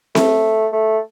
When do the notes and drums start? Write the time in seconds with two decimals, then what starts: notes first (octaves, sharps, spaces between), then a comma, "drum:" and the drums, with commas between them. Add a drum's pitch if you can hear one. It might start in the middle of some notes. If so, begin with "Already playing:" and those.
0.15 A3, drum: snare C4
0.73 A3